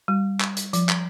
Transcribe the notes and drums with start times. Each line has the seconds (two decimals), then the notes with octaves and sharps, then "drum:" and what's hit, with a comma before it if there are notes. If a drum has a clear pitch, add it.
0.08 G3
0.40 drum: clap
0.57 drum: hi-hat
0.73 F3, drum: hi-hat
0.89 drum: clap